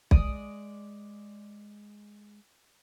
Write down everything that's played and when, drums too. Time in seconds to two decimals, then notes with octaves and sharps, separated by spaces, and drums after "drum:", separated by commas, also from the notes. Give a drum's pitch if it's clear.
0.11 G#3 D5 D#6, drum: kick B1